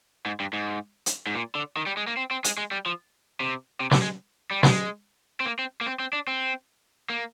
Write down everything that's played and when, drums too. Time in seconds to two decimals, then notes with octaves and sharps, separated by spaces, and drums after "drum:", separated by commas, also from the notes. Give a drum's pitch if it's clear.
0.26 G#2
0.40 G2
0.53 G#2
1.06 drum: hi-hat
1.27 G#2
1.35 A#2
1.55 D3
1.77 D#3
1.86 G3
1.97 G#3
2.07 A#3
2.17 C4
2.31 C4
2.44 G#3, drum: hi-hat
2.57 G#3
2.72 G3
2.86 F3
3.40 C3
3.80 C3
3.91 D3, drum: snare
4.02 G#3
4.51 G3
4.63 G#3, drum: snare
5.40 C4
5.46 A#3
5.59 C4
5.81 A#3
5.86 C4
5.99 C4
6.13 D4
6.27 C4
7.10 A#3